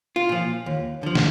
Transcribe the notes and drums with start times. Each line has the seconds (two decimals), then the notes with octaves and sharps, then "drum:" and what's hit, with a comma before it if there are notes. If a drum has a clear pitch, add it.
0.16 F4
0.29 A#2 F3
0.66 D#2
1.03 D3 F3
1.15 drum: snare